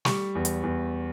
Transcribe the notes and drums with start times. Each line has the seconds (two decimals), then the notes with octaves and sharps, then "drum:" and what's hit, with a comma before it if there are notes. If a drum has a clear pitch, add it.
0.05 G3 C#6, drum: snare
0.35 E2
0.45 drum: hi-hat
0.63 E2